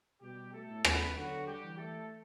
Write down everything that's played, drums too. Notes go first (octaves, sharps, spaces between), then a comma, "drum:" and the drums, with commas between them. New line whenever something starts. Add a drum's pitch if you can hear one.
B2 G3 G4
A3 A4
A2
B3 B4, drum: rim click
D3 F#3 F#4
G3 G4
E3
A3 A4